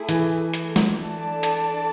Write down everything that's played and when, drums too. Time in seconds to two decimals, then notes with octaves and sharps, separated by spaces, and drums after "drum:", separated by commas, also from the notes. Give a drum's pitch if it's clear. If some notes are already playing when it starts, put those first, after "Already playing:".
Already playing: A3 E4 G#4
0.09 E3, drum: hi-hat
0.54 drum: hi-hat
0.76 drum: snare
0.98 D4 A4 D5 A5
1.43 drum: hi-hat